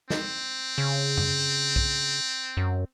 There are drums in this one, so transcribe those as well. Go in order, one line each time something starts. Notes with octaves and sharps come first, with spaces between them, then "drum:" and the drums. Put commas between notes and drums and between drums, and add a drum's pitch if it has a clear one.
C4, drum: snare
C#3
drum: tom F#2
drum: kick B1
F#2